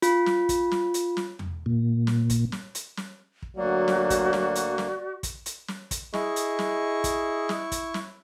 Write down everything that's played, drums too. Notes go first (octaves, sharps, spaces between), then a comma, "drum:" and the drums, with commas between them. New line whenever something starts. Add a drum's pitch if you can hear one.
F4, drum: hi-hat
drum: snare
drum: kick, hi-hat
drum: snare
drum: hi-hat
drum: snare
drum: tom E2
A#2
drum: snare
drum: kick, hi-hat
drum: snare
drum: hi-hat
drum: snare
drum: kick
D2 F#3 A#3 F#4 D5
drum: snare
drum: kick, hi-hat
drum: snare
drum: hi-hat
drum: snare
drum: kick, hi-hat
drum: hi-hat
drum: snare
drum: kick, hi-hat
E4 G#4 D#5 C#6, drum: snare
drum: hi-hat
drum: snare
drum: kick, hi-hat
drum: snare
drum: kick, hi-hat
drum: snare